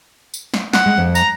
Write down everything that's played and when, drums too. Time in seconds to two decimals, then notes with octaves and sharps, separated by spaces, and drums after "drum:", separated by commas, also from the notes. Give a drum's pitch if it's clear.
0.34 drum: tambourine
0.54 drum: snare
0.73 F#5, drum: snare
0.86 G#3
0.97 F2
1.15 A#5, drum: tambourine